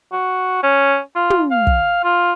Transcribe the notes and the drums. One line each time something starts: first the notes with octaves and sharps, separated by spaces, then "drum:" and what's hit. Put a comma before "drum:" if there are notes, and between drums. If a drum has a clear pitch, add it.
F#4
C#4
F4
drum: tom
F5
drum: kick
F4